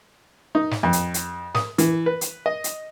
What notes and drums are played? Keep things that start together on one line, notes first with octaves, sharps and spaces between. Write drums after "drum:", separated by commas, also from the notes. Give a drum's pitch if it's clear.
D#4
drum: snare
F2
drum: hi-hat
drum: hi-hat
D#6, drum: snare
E3, drum: hi-hat
B4
drum: hi-hat
D#5
drum: hi-hat